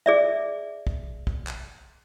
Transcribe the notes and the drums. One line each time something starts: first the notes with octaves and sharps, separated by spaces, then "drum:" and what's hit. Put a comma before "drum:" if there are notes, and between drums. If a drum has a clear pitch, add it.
G#4 D5 E5
drum: kick
drum: kick
drum: clap